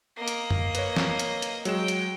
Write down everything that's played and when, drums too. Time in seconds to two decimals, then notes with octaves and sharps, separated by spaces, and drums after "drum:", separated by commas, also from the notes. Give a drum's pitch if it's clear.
0.17 A#3 D#5
0.28 drum: hi-hat
0.51 drum: tom F#2
0.75 B4 C#5, drum: hi-hat
0.96 drum: snare
1.19 drum: hi-hat
1.42 drum: hi-hat
1.65 F#3 G#3 G5 E7, drum: hi-hat
1.88 drum: hi-hat